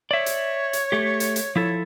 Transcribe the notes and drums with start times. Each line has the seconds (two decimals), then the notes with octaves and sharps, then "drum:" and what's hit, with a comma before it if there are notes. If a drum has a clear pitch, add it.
0.11 C#5 D5 E5
0.26 drum: hi-hat
0.73 drum: hi-hat
0.92 A3 G4
1.20 drum: hi-hat
1.36 drum: hi-hat
1.56 F3 E4 A4